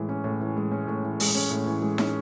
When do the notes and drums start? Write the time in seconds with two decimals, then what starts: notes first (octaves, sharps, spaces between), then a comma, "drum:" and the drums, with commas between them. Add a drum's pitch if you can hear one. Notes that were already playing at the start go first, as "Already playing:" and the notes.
Already playing: A2 E3 G#3
0.09 C#4
0.24 A2
0.41 E3
0.56 G#3
0.72 C#4
0.87 A2
1.03 E3
1.20 G#3, drum: open hi-hat
1.35 C#4
1.51 A2
1.66 E3
1.82 G#3
1.98 C#4, drum: snare